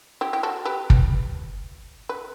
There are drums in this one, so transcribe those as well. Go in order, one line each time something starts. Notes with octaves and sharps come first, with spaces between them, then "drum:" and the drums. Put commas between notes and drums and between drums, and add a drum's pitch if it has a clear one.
E4 G4
G4
F#4 A4
G4 B4
drum: kick
B4